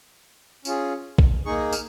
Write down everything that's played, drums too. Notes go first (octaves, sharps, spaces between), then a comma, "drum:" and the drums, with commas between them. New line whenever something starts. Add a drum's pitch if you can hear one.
C#4 F4 G#4, drum: tambourine
drum: kick
A#3 D#4 G#4 C#6
F6, drum: tambourine